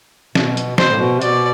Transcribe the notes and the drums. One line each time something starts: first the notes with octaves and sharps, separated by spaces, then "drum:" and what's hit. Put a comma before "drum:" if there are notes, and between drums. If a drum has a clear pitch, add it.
B2, drum: snare
drum: hi-hat
B2 C5, drum: snare
A2
B2
C3
B2 D5, drum: hi-hat